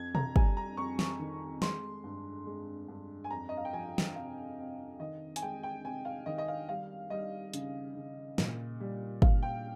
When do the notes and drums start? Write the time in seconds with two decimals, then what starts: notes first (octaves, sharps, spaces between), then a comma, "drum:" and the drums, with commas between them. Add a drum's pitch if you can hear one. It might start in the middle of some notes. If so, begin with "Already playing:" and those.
Already playing: F2 G#6
0.15 A#5, drum: tom B2
0.36 G3 G#5, drum: kick
0.57 A#5
0.77 F2 C#6
0.99 drum: snare
1.19 D#3
1.62 G#3 C6, drum: snare
2.04 G2
2.47 G#3
2.88 G2
3.24 G#5
3.30 F2 A#5
3.49 D#5
3.57 F5
3.65 G5
3.73 F3 G#5
3.98 drum: snare
4.15 C3 F5
4.58 C3
5.00 D#3 D#5
5.36 G#5, drum: hi-hat
5.42 G#3 G5
5.63 G5
5.85 C3 G#5
6.05 F5
6.26 D#3 D#5
6.38 D#5
6.48 F5
6.69 G3 F5
7.10 G3 D#5
7.54 C#3, drum: hi-hat
7.95 C#3
8.38 A#2, drum: snare
8.80 G3
9.22 A#2 F5, drum: kick
9.43 G5